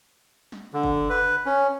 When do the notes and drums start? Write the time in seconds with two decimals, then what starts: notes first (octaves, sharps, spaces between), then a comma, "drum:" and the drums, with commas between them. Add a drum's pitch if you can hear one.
0.52 drum: snare
0.74 D3
0.84 drum: kick
1.10 B4
1.46 C#4